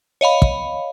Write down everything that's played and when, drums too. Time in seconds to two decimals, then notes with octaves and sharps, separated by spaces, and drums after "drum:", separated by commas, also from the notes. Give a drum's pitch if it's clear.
0.21 C#5 D#5 F5 B5
0.42 drum: kick